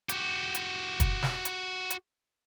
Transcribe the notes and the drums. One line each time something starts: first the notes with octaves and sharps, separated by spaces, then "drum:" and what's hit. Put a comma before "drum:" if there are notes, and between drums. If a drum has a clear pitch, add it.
F#4 G4, drum: hi-hat
drum: hi-hat
drum: kick, hi-hat
drum: snare
drum: hi-hat
drum: hi-hat